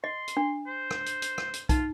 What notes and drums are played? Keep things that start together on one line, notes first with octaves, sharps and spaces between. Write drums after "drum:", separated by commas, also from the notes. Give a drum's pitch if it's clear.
D#5 C6
drum: hi-hat
D4
C5
drum: rim click
drum: hi-hat
drum: hi-hat
drum: rim click
drum: hi-hat
D#4 F4, drum: kick, hi-hat